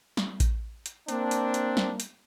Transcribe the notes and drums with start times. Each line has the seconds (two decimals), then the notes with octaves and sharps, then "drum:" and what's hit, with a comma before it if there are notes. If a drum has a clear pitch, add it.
0.17 drum: snare
0.40 drum: kick A1, hi-hat
0.86 drum: hi-hat
1.08 A#3 C4 D4, drum: hi-hat
1.31 drum: hi-hat
1.54 drum: hi-hat
1.77 drum: snare
2.00 drum: hi-hat